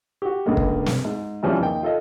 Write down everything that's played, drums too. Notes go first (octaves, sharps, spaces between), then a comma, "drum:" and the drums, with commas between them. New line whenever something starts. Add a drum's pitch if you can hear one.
F#4 G4
C#2 G2 D3 G#3 A#3
drum: kick
drum: snare
G#2
G#2 C3 E3 F3 G3 C#4
D#2 G5
F4 A4 D#5